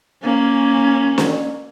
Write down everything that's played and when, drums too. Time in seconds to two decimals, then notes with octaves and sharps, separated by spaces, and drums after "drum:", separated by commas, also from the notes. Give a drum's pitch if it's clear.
0.23 A#3 C#4
1.18 drum: snare